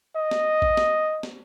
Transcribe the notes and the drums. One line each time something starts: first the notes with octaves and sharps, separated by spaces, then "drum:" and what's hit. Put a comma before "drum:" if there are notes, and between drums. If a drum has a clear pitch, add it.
D#5
drum: snare
drum: kick A1
drum: snare
drum: snare